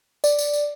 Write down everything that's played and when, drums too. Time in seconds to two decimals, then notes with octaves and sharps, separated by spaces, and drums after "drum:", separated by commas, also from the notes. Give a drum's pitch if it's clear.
0.24 D5, drum: tambourine
0.39 drum: tambourine
0.53 drum: tambourine